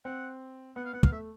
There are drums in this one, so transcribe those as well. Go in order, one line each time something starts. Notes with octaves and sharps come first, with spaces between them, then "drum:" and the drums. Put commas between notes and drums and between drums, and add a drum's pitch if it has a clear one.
C4 F#5
B3 F#5
F5
B3 F#5
F5, drum: kick
A3 E5